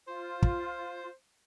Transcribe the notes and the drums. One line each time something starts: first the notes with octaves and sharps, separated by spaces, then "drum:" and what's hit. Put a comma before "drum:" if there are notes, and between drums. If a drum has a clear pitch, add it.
F4 C5
drum: kick